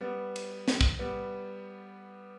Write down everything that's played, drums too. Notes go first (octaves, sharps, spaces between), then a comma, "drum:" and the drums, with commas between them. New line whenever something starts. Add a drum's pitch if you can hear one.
G3 B3
drum: cymbal
drum: snare
drum: kick
G3 B3